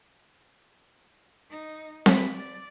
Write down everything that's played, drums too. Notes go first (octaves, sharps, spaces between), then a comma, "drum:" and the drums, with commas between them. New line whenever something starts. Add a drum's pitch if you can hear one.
D#4
B4, drum: snare C4
D5